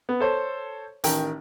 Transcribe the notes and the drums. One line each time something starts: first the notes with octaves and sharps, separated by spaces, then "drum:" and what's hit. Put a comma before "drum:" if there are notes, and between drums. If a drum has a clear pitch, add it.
B3
A4 C5 C#5
A1 D#3 G5, drum: hi-hat